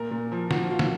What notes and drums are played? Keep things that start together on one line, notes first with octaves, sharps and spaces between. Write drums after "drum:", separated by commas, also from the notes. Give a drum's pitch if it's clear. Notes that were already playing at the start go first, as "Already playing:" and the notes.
Already playing: A#2 A#4
A#2
F3
F3 F#4, drum: snare
F4
drum: snare